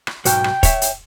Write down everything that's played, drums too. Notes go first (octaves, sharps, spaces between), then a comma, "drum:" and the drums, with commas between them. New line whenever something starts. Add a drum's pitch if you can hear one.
drum: rim click
B1 G#2 F#4 G5, drum: hi-hat
drum: rim click
C#5 E5, drum: kick, hi-hat
drum: hi-hat